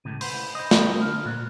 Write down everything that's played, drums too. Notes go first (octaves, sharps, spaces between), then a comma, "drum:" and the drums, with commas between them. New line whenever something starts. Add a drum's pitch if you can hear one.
C#2 A2 C3 D#7
B4 C5, drum: open hi-hat
C5 D#5 B5
drum: snare
D3 F6
A#2 F#6